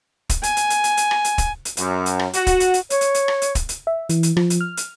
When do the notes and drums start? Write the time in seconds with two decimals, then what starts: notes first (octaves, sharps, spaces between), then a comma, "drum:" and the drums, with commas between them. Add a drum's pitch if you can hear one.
0.30 drum: kick, hi-hat
0.43 G#5, drum: hi-hat
0.57 drum: hi-hat
0.70 drum: hi-hat
0.84 drum: hi-hat
0.97 drum: hi-hat
1.11 drum: rim click
1.24 drum: hi-hat
1.38 drum: kick, hi-hat
1.65 drum: hi-hat
1.77 F#2, drum: hi-hat
2.06 drum: hi-hat
2.19 drum: rim click
2.33 F#4, drum: hi-hat
2.47 drum: kick, hi-hat
2.60 drum: hi-hat
2.74 drum: hi-hat
2.90 C#5, drum: hi-hat
3.01 drum: hi-hat
3.14 drum: hi-hat
3.28 drum: rim click
3.42 drum: hi-hat
3.55 drum: kick, hi-hat
3.69 drum: hi-hat
3.87 E5
4.09 E3, drum: hi-hat
4.23 drum: hi-hat
4.37 F3, drum: rim click
4.50 drum: hi-hat
4.61 F6
4.77 drum: hi-hat